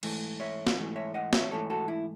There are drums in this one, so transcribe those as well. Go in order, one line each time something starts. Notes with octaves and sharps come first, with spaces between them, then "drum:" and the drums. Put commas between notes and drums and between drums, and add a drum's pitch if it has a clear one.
G#2 E3 A3, drum: cymbal
C#5 E5
drum: snare
G#2 E3 A3
C#5 E5
D#5 F#5
C#5 E5, drum: snare
G#2 E3 A3 A4 C#5
F#4 A4
E4